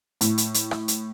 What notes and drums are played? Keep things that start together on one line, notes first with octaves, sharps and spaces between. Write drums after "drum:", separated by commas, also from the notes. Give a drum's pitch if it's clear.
A2, drum: hi-hat
drum: hi-hat
drum: hi-hat
drum: rim click
drum: hi-hat